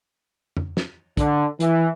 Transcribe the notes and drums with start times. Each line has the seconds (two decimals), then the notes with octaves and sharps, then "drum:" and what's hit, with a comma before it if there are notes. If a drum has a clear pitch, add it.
0.57 drum: tom F2
0.77 drum: snare
1.17 D3, drum: kick, hi-hat
1.60 E3, drum: hi-hat